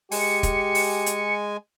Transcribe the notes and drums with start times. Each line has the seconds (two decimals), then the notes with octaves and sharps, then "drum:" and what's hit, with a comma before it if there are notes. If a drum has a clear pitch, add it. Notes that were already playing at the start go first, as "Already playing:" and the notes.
0.11 G#3 G4 G#5 C#7, drum: open hi-hat
0.43 drum: kick, hi-hat
0.75 drum: open hi-hat
1.06 drum: hi-hat